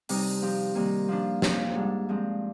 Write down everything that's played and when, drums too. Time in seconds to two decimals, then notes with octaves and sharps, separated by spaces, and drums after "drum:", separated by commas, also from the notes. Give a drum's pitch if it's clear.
0.09 C3 G3 C4 D#4, drum: open hi-hat
0.42 F3 C4 G4
0.75 C3 D#3 G3 A#3
1.09 F3 A#3 D4 F4
1.42 F2 C3 F3, drum: snare
1.75 G#2 G3 D4
2.09 G2 F3 G#3 C4